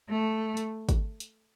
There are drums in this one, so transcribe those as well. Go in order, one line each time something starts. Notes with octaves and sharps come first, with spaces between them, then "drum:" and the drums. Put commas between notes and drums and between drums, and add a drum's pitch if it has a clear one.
A3
drum: hi-hat
drum: kick, hi-hat
drum: hi-hat